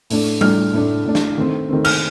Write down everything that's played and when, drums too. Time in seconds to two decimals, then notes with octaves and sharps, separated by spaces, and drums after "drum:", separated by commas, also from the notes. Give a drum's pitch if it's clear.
0.10 A2 A3 D4, drum: open hi-hat
0.41 A2 A3 D4 F6, drum: tom G3
0.73 A2 A3 D4
1.05 A2 A3 D4
1.15 drum: snare
1.37 D#3 A3 C4
1.69 D#3 A3 C4
1.84 F6, drum: cymbal